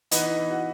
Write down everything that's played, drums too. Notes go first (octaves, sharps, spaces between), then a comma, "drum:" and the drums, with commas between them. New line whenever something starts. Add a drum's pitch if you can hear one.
E3 B3 D#4, drum: hi-hat
E3
F#4